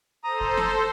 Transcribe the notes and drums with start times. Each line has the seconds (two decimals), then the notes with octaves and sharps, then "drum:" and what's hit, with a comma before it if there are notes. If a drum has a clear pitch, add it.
0.24 A4 C5 A#5 D#6
0.41 drum: kick F1
0.57 drum: snare